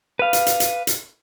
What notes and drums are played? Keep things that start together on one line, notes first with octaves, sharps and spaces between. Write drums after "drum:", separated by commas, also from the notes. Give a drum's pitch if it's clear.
B4 F5
drum: hi-hat
drum: hi-hat
drum: hi-hat
drum: hi-hat